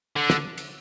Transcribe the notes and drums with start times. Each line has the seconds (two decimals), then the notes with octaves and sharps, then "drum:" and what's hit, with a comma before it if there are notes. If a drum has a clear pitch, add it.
0.16 D3
0.30 drum: snare
0.58 drum: cymbal